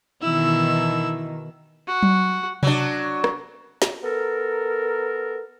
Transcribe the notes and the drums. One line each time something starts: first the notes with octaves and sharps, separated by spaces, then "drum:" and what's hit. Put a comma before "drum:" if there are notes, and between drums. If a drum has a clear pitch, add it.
B2 D#3 E3 E4 E6
F#4
drum: tom F#3
F#3 D4, drum: tom C3
drum: rim click
drum: snare
B3 A4 A#4